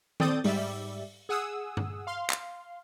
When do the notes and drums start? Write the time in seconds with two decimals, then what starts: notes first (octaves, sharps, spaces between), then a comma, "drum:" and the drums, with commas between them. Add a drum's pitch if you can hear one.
0.20 C4 A4 D5 D#6 G6 A6, drum: tom D#3
0.44 G#2 G3 D5 E5, drum: open hi-hat
1.29 G#4 F#5 D#6 E6
1.77 drum: tom G2
2.07 F5 C6
2.30 drum: clap